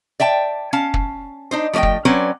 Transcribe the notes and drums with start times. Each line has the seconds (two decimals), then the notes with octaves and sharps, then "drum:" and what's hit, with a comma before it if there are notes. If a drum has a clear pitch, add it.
0.20 D5 E5 G5 A5
0.73 C#4 F5 A5
0.94 drum: kick
1.51 D4 D#4 C5
1.73 F3 A3 D5 D#5 G5
1.83 drum: kick
2.05 F#3 C4 C#4 B4 C#5 D5